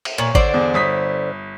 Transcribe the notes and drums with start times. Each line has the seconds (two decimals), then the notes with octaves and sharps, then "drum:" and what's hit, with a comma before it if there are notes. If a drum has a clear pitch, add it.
0.05 drum: cymbal
0.18 A#2 C#5 F#7
0.35 D3 C5 D5, drum: kick G#1
0.54 E2
0.74 G1 D#6 B6